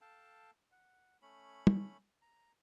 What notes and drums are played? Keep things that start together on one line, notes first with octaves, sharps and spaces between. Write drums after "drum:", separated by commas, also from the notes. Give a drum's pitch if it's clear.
A4 F5 G5 A5
F#5
A3 C#4 C#5 B5
drum: tom
A#5